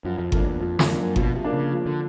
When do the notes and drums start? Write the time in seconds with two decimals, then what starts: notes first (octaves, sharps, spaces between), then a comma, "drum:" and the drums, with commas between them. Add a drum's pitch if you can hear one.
0.05 F#2 F3
0.18 F2
0.32 F2 A#3 D4, drum: kick G1
0.46 E2
0.60 F2 F3
0.79 F2, drum: snare
0.88 A#3 D4
0.98 F#2
1.16 B2 F3, drum: kick G1
1.35 C3
1.44 A#3 D4
1.53 C#3
1.72 F3
1.86 D3